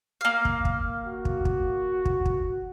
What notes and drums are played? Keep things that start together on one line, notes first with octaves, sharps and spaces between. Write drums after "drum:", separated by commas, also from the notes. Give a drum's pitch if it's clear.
A#3 F5
drum: kick
drum: kick
F#4
drum: kick
drum: kick
drum: kick
drum: kick